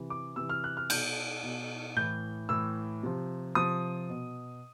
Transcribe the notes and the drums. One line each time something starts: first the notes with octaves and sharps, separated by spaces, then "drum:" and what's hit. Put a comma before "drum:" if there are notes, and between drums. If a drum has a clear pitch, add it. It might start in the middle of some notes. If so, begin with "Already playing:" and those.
Already playing: C3 E3
D6
C3 E3 E6
F6
F#6
F6
B2 G6, drum: cymbal
B2
A2 E3 G6
A2 E3 E6
C3 F3
C3 F3 D#6
B2